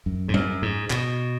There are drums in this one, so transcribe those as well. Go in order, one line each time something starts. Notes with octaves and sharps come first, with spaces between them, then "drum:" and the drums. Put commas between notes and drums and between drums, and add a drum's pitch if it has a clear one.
F#2
G#2
F#2, drum: tom F#3
G#2
B2, drum: clap